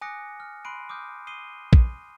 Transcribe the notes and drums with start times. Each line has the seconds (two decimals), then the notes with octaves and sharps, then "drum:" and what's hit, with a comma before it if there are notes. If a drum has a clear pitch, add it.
0.01 G#5 D6 D#6 F#6 A#6 C#7
0.40 F6
0.65 B5 C6 F#6 C7 D7 D#7
0.89 D6 D#6 F6 G6
1.27 D#6 C7 D#7 G7
1.73 drum: kick A#1